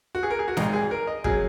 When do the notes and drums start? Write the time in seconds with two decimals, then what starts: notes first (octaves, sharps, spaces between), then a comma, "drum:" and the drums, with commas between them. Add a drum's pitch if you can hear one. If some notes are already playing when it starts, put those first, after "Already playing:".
0.15 F#4
0.23 G#4
0.30 A#4
0.39 G#4
0.48 F#4
0.57 G#1 G#2 G#3 D#4, drum: snare
0.73 G#4
0.91 A#4
1.07 D#5
1.24 C#3 F#3 G#4, drum: kick